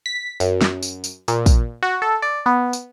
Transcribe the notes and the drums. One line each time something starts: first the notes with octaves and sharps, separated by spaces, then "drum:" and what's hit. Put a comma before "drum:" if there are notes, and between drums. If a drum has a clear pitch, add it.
B6
F#2, drum: tambourine
drum: snare
drum: tambourine
drum: tambourine
A#2, drum: tambourine
drum: kick, tambourine
F#4
A4
D5
B3
drum: tambourine